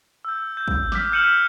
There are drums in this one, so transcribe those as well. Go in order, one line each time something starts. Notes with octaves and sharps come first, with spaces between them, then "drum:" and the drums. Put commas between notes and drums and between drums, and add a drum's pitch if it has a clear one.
E6 G6
G6
drum: kick
D6 F6 B6, drum: snare
F6 G6 C#7 D#7 E7 F#7